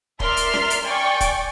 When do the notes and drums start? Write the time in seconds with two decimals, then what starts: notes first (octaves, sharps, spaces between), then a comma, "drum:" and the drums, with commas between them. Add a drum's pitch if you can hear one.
0.20 A#4 D5 E5 C6 F6, drum: kick
0.37 drum: hi-hat
0.53 drum: snare C#4
0.70 drum: hi-hat
0.84 D5 G5 G#5 C#6
1.20 drum: kick, hi-hat